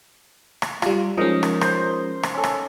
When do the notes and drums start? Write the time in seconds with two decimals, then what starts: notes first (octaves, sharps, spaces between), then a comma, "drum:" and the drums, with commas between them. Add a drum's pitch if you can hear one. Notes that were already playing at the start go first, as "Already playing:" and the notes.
0.62 drum: rim click
0.82 G3 F4, drum: rim click
1.17 F3 G#3 C#4 D#4 A#4
1.43 drum: rim click
1.61 C5, drum: rim click
2.23 drum: rim click
2.34 C#4 A4
2.44 drum: rim click